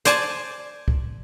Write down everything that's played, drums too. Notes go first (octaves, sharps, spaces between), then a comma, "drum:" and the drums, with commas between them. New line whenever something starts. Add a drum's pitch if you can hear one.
C5 D5 G#5 A5, drum: hi-hat
drum: kick C#2